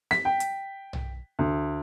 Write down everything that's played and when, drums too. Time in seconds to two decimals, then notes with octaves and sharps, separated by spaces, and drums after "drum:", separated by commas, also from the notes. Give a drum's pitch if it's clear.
0.11 B6, drum: snare
0.25 G5
0.40 drum: hi-hat
0.93 drum: tom B1
1.39 D2